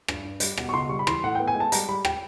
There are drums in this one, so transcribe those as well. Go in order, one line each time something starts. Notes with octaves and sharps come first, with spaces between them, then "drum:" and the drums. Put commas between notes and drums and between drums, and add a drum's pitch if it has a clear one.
G2, drum: rim click
G2
G3, drum: hi-hat
B2, drum: rim click
C#6
C#2 C6
G3 C#6
B5
E3 C6, drum: rim click
A2 F#5
B3 G5
G#5
G#3
A5
G3 A#5, drum: hi-hat
G3 B5
G5, drum: rim click